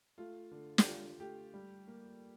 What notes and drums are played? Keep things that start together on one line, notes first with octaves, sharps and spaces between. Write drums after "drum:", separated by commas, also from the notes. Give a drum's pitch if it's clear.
A3 F4
D3
G4, drum: snare
D3 F4
A3 G4
G3
A#3